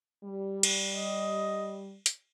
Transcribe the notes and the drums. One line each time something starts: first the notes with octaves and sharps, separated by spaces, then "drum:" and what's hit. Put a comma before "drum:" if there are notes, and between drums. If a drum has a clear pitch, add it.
G3
drum: cymbal
D#5
drum: hi-hat